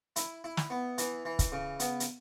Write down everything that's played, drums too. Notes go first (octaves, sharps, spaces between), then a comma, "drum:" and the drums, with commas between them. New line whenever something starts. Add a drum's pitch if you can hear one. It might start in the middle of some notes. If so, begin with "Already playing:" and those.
E4, drum: hi-hat
E4
drum: snare
B3
E3, drum: hi-hat
E3
drum: kick, hi-hat
C#3
B3, drum: hi-hat
drum: hi-hat